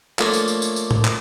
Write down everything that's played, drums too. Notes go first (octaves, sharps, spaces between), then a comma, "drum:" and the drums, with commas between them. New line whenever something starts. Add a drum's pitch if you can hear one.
F3 A3 A#3 D4 C#5, drum: clap
drum: tambourine
drum: tambourine
drum: tambourine
drum: tambourine
drum: tom A2
drum: clap